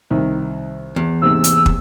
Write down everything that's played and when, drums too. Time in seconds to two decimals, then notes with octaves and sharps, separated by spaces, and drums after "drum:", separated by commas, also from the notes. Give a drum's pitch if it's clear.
0.10 C2 D#3
0.96 E2
1.22 G#2 C3 A#3 E6
1.44 drum: hi-hat
1.66 drum: kick